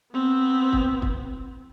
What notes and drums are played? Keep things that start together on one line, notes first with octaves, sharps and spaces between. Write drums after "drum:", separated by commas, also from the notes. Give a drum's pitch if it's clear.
B3 C4
drum: kick
drum: kick